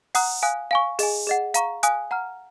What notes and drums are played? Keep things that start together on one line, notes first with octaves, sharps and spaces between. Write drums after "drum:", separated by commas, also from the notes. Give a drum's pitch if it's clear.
F#5 A#5 D#6 F#6, drum: open hi-hat
F5 G#5 D#6 F#6
F5 G#5 C#6
G#4 D#5 G#5, drum: open hi-hat
G#4 D#5 F#5
F5 A#5 C#6, drum: hi-hat
F5 G#5 D#6 F#6, drum: hi-hat
F#5 A#5 F6